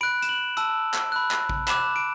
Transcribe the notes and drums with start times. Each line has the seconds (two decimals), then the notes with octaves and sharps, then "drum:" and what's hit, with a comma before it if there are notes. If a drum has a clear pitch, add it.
0.01 B5 F#6 D7
0.22 E7, drum: hi-hat
0.29 F#7
0.57 A5 E6, drum: hi-hat
0.94 drum: clap
1.12 B5 F#6
1.31 drum: clap
1.49 drum: kick A1
1.68 B5 D6 F#6 E7, drum: clap
1.96 D7